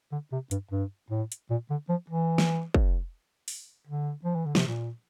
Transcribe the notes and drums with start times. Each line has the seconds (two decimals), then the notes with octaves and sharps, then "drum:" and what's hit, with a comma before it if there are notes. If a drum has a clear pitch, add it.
0.12 D3
0.32 C3
0.51 G2, drum: hi-hat
0.71 G2
1.10 A2
1.32 drum: hi-hat
1.50 A#2
1.70 D3
1.89 F3
2.10 E3
2.38 drum: snare
2.74 drum: kick
3.48 drum: open hi-hat
3.87 D3
4.25 F3
4.35 E3
4.46 D3
4.55 C3, drum: snare
4.66 A#2